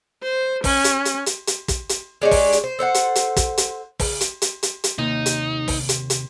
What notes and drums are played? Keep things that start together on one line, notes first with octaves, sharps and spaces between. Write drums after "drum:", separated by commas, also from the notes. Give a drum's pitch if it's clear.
C5
C#4, drum: kick, open hi-hat
drum: hi-hat
drum: hi-hat
drum: hi-hat
drum: hi-hat
drum: kick, hi-hat
drum: hi-hat
G#3 D4 G4 C#5
drum: kick, open hi-hat
drum: hi-hat
C5
A4 C5 F5 F#5
drum: hi-hat
drum: hi-hat
drum: kick, hi-hat
drum: hi-hat
C#3, drum: kick, open hi-hat
drum: hi-hat
drum: hi-hat
drum: hi-hat
drum: hi-hat
D#2 C3 D#4
drum: hi-hat
drum: kick, open hi-hat
drum: hi-hat
drum: hi-hat